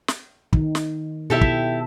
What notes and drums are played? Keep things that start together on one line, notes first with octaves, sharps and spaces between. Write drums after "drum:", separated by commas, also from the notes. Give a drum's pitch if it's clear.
drum: snare
D#3, drum: kick
drum: snare
B2 E4 G4 A4 E5
drum: kick